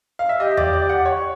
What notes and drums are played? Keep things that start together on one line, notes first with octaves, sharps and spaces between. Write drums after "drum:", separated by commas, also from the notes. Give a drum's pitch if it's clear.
F5
E5
G4 D#5
D5, drum: tom E2
D5
F#5
C#5